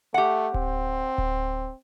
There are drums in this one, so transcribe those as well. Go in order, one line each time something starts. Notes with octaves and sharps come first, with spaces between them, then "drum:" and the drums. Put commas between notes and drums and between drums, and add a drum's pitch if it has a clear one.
A3 G4 F#5
C4, drum: kick D1
drum: kick D1